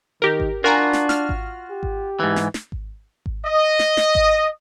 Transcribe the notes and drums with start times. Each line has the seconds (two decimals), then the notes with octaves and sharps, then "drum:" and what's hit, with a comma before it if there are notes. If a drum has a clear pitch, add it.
0.22 D#3 G4 A#4
0.40 drum: kick G#1
0.64 D4 F4 F#4 A#4 G#5 A#5
0.93 drum: snare
1.09 F6, drum: snare
1.29 drum: kick G#1
1.71 G4
1.83 drum: kick G#1
2.20 G#2 E3
2.36 drum: snare
2.54 drum: snare
2.72 drum: kick G#1
3.26 drum: kick G#1
3.45 D#5
3.79 drum: snare
3.97 drum: snare
4.15 drum: kick G#1